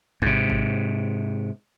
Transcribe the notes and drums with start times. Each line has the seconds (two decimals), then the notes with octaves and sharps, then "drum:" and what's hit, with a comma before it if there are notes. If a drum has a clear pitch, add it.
0.22 G#2 C3, drum: kick G#1
0.50 drum: kick G#1